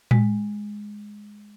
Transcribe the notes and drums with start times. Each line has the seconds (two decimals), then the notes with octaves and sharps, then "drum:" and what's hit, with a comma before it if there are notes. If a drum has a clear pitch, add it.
0.11 G#3, drum: tom A2